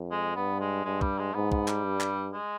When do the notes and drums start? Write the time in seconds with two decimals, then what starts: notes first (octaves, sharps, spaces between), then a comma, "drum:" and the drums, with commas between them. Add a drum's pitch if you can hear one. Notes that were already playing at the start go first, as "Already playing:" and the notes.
Already playing: F2
0.11 G#3
0.35 G2 B3
0.60 G#3
0.85 G2 G#3
1.01 G3, drum: kick
1.19 G#3
1.34 G#2 B3
1.52 B3, drum: kick
1.68 G3, drum: clap
1.84 G2
2.01 drum: clap
2.33 G#3